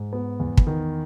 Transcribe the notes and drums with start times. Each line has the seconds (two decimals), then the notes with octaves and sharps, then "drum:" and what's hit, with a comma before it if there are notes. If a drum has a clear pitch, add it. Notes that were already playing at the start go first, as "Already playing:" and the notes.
Already playing: G#2
0.13 B3
0.40 E2
0.57 drum: kick
0.67 D#3